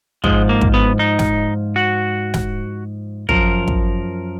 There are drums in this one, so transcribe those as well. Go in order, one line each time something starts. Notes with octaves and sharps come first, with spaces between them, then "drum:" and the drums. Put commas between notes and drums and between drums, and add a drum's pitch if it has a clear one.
G#2 F3 G#3, drum: kick
A#3
drum: kick
B3
D#4
drum: snare
F#4
drum: snare
F#2 F3 A#4, drum: kick
drum: kick